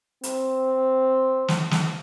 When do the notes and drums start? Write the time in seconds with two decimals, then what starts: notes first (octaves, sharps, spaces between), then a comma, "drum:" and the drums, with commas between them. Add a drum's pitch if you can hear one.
0.23 C4, drum: hi-hat
1.48 drum: snare
1.71 drum: snare